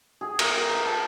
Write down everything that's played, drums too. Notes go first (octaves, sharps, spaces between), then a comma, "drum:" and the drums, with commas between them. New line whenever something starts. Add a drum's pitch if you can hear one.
G#4
A#4, drum: cymbal
A#5
A5